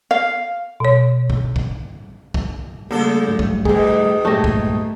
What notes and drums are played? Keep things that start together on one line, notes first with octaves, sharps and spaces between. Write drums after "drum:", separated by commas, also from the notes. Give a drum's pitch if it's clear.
F5
B2 C#5
drum: kick A#1
drum: kick A#1
drum: kick A#1
C#3 G3 A3 A#3 A4
F2 G#2 F#3
drum: kick A#1
B2 D#3 G#4, drum: kick A#1
G2 A#2 G#3 A3 G4 D#5
drum: kick A#1